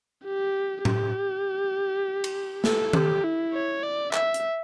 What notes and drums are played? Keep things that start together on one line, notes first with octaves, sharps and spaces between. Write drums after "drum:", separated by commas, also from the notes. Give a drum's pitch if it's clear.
G4
G4, drum: tom A2
drum: cymbal
A4, drum: snare
G4, drum: tom D#3
E4
C#5
D5
E5, drum: clap
drum: hi-hat